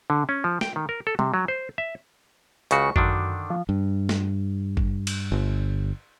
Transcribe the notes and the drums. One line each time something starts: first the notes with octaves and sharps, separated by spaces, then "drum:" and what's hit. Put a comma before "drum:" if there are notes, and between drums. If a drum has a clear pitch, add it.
D3
C#4
F3
G5, drum: snare
D#3
A#4
A4
C3, drum: tom
F#3
C5
E5
C#2 C#3 F#4 C#6, drum: hi-hat
F#2 D3 D#3 D4, drum: kick G#1
F3
G2
drum: snare
drum: kick G#1
drum: cymbal
G1